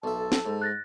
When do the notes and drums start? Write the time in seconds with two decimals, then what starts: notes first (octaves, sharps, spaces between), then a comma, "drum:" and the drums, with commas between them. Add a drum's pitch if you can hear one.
0.04 B1 A4 E5 A5
0.32 drum: snare
0.46 G#2
0.62 F#6 A6 A#6